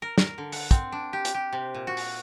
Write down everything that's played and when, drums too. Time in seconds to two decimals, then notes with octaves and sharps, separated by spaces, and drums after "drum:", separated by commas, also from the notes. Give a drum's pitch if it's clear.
0.02 A#4
0.18 A#4, drum: snare
0.38 D3
0.52 F#5, drum: open hi-hat
0.71 C4, drum: kick, hi-hat
0.92 D4
1.13 G4
1.25 drum: hi-hat
1.34 G4
1.53 C3
1.74 A#2
1.87 F#4
1.97 drum: open hi-hat